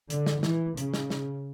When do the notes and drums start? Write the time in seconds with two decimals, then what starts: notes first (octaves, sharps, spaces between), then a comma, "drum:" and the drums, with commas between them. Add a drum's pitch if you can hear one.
0.10 D3, drum: hi-hat
0.26 drum: snare
0.43 E3, drum: snare
0.77 C#3, drum: hi-hat
0.94 drum: snare
1.10 drum: snare